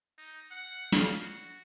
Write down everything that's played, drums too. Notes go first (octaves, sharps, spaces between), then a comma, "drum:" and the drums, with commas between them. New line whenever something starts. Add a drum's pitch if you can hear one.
D#4
F#5
F5, drum: snare
F#4